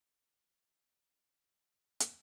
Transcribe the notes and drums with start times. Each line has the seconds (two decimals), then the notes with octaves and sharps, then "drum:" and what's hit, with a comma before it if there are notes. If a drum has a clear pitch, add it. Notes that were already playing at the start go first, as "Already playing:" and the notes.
0.09 G#3
0.23 G#3
0.38 A3
0.53 A#3
0.73 C4
0.92 C4
1.12 C#4
2.00 drum: hi-hat